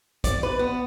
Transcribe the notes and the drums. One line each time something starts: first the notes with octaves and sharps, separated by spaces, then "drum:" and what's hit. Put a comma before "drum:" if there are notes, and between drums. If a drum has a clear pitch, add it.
D5, drum: kick, hi-hat
B4
B3